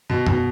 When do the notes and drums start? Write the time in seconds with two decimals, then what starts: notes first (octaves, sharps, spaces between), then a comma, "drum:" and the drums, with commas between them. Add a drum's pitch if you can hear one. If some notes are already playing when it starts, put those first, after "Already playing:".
0.10 B2
0.27 B2, drum: tom F#2